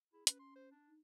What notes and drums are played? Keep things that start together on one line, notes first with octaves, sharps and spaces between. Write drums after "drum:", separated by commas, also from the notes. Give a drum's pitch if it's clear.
E4 G#4
C#4 B4, drum: hi-hat
C6
C5
D4
D#4